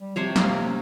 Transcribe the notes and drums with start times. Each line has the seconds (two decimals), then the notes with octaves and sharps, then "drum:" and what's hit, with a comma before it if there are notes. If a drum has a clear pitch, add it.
0.01 G3
0.16 C3 F3 C5 C#5
0.36 A#3, drum: snare
0.66 C#4